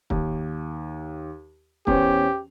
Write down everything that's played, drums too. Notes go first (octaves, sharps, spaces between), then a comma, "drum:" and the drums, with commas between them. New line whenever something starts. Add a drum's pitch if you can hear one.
D#2, drum: kick
E2 C#4 G4 C5, drum: kick